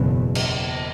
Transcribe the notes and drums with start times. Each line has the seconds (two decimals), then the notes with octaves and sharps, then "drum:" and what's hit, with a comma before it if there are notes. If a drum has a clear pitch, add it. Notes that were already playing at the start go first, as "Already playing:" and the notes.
Already playing: F#1 E2 B2
0.35 drum: cymbal